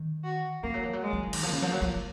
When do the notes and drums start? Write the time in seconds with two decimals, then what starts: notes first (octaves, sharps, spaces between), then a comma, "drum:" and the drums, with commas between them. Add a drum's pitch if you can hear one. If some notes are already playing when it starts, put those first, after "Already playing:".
Already playing: D#3
0.24 F#4
0.63 F3 A#3
0.74 F#3
0.83 F3
0.93 F#3
1.03 G#3
1.13 F#3
1.23 F3
1.33 D#3, drum: cymbal
1.43 F3 A#3
1.53 C#3
1.62 F3
1.72 F#3
1.82 F3